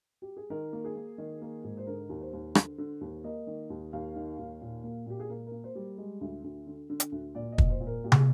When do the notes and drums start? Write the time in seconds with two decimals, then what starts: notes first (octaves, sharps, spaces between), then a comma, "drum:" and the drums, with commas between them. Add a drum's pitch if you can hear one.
0.22 G4
0.37 G#4
0.50 D#3 A#4
0.73 A#3
0.84 G#4
0.95 A#3
1.18 D#3
1.42 A#3
1.64 G#2
1.77 C5
1.87 D3 A#4
2.09 D#2
2.21 C5
2.33 D#2
2.55 D3, drum: rim click
2.78 D3
3.01 D#2
3.24 A#3 D#5
3.47 D#3
3.70 D#2
3.93 D#2 F5
4.16 D#3
4.39 D#2
4.61 A#2
4.84 A#3
5.06 A#2 G4
5.20 G#4
5.30 A#3 A#4
5.47 A#4
5.52 A#3
5.64 C5
5.75 G3
5.98 G#3
6.21 D2
6.44 D2
6.67 D3
6.90 D3
7.00 drum: hi-hat
7.12 D2
7.35 A#2 D5
7.52 D#5
7.58 A#2, drum: kick
7.69 C5
7.81 A#2
7.87 A#4
8.04 A#2 G4
8.12 G#4, drum: tom